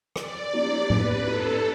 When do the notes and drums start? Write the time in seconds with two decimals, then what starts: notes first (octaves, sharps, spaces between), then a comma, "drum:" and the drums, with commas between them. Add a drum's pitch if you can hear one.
0.16 D5, drum: rim click
0.53 drum: cymbal
0.90 B4, drum: tom A2
1.27 A4, drum: cymbal